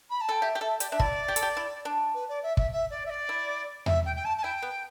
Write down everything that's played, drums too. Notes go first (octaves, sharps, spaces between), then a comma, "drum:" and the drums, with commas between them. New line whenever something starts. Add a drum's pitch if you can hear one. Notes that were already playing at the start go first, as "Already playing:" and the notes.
B5
A5
A4 G5
G4 E5
G4
A4 E5
G4 D5, drum: hi-hat
D4 E5
E4 D5, drum: kick
G4
A4, drum: hi-hat
G4
E4
D4
B4
D5
E5
E5, drum: kick
E5
D5
E5
D5
E4
E5, drum: tom E2
G5
G5
A5
A5
E4 G5
B3